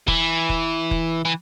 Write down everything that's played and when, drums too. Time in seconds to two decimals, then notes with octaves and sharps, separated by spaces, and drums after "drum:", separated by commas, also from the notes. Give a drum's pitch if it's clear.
0.08 E3, drum: kick
0.49 drum: kick
0.91 drum: kick
1.25 E3